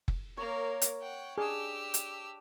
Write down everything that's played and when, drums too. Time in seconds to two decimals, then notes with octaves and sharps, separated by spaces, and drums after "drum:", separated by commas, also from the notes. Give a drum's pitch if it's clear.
0.08 drum: kick F#1
0.37 A#3 A#4 C#5
0.82 drum: hi-hat
1.01 F#5 G5
1.38 D4 G4 G#4 E6
1.94 drum: hi-hat